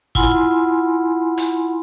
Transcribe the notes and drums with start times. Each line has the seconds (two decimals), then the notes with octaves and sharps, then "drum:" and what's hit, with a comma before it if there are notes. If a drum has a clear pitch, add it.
0.15 E4 F4 F#5 G#5 B5 C6, drum: kick
1.38 drum: hi-hat